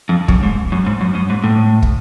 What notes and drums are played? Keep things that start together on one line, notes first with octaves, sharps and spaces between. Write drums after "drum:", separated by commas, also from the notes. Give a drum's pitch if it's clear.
F2
F#2, drum: kick
G#2
F#2
G#2
F#2
F#2
G#2
A2
drum: kick